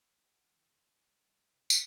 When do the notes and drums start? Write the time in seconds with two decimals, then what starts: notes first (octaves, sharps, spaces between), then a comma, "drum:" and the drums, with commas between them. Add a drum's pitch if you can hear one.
0.24 F#5
0.51 E3
0.70 D#3
0.84 E4
0.98 G2
1.27 G3
1.41 C5
1.53 C3
1.70 D4, drum: tambourine